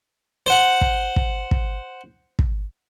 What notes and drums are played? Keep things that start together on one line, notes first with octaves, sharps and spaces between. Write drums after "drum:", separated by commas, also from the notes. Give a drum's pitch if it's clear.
C5 F#5
drum: kick
drum: kick
drum: kick
drum: kick